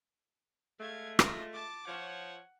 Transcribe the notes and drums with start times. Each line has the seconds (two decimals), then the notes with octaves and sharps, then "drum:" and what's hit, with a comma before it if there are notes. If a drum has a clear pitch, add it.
0.80 G#3 A3 F5 G#6
1.19 F4 A#6, drum: rim click
1.53 A5 D6
1.87 F3 C#5 F#5